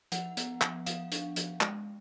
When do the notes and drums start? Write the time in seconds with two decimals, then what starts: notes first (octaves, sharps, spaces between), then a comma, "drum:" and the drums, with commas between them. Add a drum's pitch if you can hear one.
0.12 F3 F#5, drum: hi-hat
0.37 B3, drum: hi-hat
0.61 F3, drum: clap
0.86 F3 F5, drum: hi-hat
1.12 D4, drum: hi-hat
1.36 F3, drum: hi-hat
1.61 G#3, drum: clap